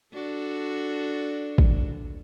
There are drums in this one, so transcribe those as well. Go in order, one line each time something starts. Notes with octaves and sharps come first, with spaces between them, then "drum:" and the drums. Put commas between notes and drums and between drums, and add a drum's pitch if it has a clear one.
D4 F#4 A4
drum: kick